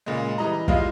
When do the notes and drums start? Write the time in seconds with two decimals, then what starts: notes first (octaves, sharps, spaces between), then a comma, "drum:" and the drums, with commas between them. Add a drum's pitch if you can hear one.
0.06 A#2 C#3 G#3
0.38 E3 G3 D#5 A#5
0.68 G3 G#3 E4 F4 D#5 F5, drum: kick